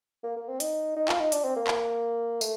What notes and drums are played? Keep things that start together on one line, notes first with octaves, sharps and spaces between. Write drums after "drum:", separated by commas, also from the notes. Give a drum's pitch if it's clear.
A#3
A#3
C4
D#4, drum: hi-hat
D#4
F4, drum: clap
D#4
D4, drum: hi-hat
C4
A#3
drum: clap
A3, drum: tambourine